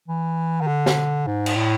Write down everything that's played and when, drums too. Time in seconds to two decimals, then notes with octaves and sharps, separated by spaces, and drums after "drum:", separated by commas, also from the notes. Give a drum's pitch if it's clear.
0.08 E3
0.61 D#3
0.67 D3
0.86 drum: snare
1.27 G#2
1.46 drum: cymbal
1.55 A2